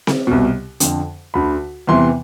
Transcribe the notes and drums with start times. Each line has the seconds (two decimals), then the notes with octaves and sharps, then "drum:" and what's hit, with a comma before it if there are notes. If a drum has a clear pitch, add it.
0.07 drum: snare C4
0.27 C2 B2
0.80 F2 D3, drum: hi-hat
1.34 D2 D3 B5
1.87 E2 C3 E3 C6